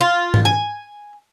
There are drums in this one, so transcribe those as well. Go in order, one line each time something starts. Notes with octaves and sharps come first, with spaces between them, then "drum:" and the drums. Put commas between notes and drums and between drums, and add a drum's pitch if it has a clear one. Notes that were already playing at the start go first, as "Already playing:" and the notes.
F4
drum: tom
G#5